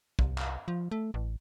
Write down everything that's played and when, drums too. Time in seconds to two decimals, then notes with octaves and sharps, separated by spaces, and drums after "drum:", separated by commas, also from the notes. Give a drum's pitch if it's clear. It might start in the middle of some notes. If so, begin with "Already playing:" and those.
0.19 C2, drum: kick
0.38 drum: clap
0.68 F3
0.91 A3
1.14 A1